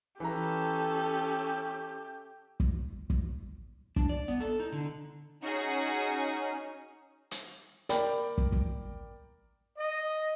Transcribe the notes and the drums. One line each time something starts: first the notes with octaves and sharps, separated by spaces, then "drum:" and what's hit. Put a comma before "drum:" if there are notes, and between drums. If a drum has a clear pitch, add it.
E3 C#4 G4 A4 A#5
drum: kick
drum: kick
D4, drum: kick
D5
B3
A4
D#4
D3
C#4 D#4 F#4 G#4
drum: hi-hat
A#4 D5 G5 B5, drum: hi-hat
drum: kick
drum: kick
D#5